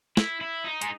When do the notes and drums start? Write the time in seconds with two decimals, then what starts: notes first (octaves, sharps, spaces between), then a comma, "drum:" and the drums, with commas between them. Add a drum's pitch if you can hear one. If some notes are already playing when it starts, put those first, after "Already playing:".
0.17 E4, drum: snare
0.41 E4
0.65 D#4
0.82 G#3, drum: hi-hat